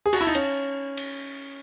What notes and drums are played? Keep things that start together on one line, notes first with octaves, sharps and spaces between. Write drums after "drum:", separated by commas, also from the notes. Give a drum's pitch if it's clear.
G#4
F#4, drum: cymbal
E4
D#4
C#4, drum: hi-hat
drum: cymbal